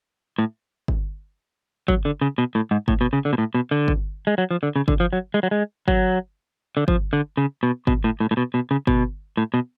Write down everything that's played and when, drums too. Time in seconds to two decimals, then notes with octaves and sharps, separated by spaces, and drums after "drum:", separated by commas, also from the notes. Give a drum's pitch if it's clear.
0.39 A2
0.88 drum: kick G1
1.88 F#3, drum: kick G1
2.05 D3
2.21 C#3
2.38 B2
2.55 A2
2.71 G#2
2.88 A2, drum: kick G1
3.01 B2
3.13 C#3
3.25 D3
3.33 B2
3.38 A2
3.55 B2
3.71 D3
3.88 drum: kick G1
4.27 G#3
4.38 F#3
4.51 F3
4.63 D3
4.76 C#3
4.88 D3, drum: kick G1
5.00 F3
5.13 F#3
5.34 G#3
5.43 F#3
5.51 G#3
5.88 F#3, drum: kick G1
6.77 D3
6.88 F3, drum: kick G1
7.13 D3
7.37 C#3
7.63 B2
7.87 B2, drum: kick G1
8.04 A2
8.20 A2
8.31 A2
8.37 B2
8.54 B2
8.71 C#3
8.87 B2, drum: kick G1
9.37 A2
9.54 B2